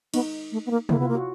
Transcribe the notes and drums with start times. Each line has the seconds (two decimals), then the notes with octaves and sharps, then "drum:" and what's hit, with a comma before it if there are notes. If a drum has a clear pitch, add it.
0.14 B3 D#4, drum: cymbal
0.52 A3
0.66 B3
0.71 A#3
0.89 A#3 E4, drum: tom C3
0.99 B3 F4
1.08 A#3
1.15 F#4